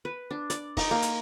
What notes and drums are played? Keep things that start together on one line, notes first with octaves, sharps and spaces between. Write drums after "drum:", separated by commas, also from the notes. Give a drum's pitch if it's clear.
B4
D4
D5, drum: hi-hat
D#4, drum: kick, open hi-hat
A#3
drum: hi-hat